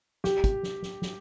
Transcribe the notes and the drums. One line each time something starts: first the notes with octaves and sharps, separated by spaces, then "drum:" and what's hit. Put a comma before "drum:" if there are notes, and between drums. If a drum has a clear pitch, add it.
G4, drum: snare
drum: kick, hi-hat
drum: snare
drum: snare
drum: snare